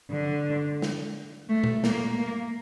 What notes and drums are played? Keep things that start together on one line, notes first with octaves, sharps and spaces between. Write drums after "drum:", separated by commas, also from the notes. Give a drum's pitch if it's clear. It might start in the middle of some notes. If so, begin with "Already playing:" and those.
D3
drum: snare
A3
drum: tom A#2
A#3, drum: snare
A#3